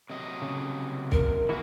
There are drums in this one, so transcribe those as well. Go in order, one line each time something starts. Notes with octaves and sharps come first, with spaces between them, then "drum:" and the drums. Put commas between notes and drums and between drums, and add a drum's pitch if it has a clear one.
C3 F#3 D#5
C#3
A#4, drum: kick
E3 G#3 A#3 E4 F#4